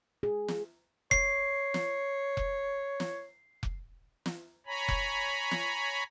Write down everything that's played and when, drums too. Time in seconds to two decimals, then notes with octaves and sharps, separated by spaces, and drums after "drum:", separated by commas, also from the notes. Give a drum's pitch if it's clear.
0.23 G#4
0.48 drum: snare
1.11 C#5 C7, drum: kick F1
1.74 drum: snare
2.37 drum: kick F1
3.00 drum: snare
3.63 drum: kick F1
4.26 drum: snare
4.66 C#5 G#5 A#5 B5
4.88 drum: kick F1
5.51 drum: snare